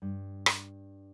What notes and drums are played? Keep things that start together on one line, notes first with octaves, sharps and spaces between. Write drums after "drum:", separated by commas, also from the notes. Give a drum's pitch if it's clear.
G2
drum: rim click